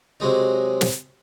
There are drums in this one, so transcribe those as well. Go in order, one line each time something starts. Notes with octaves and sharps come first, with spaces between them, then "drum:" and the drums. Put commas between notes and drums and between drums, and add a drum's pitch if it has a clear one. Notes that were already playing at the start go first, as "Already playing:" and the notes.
C3 F#3 G#3 D#4
drum: snare